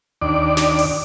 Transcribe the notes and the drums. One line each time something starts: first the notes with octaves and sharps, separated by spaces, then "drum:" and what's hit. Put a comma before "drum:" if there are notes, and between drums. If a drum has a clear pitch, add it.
D#2 D4 D5
drum: snare
drum: open hi-hat